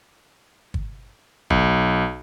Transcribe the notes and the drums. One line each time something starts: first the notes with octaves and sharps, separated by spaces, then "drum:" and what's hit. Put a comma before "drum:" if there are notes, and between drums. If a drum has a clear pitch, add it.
drum: kick
B1, drum: kick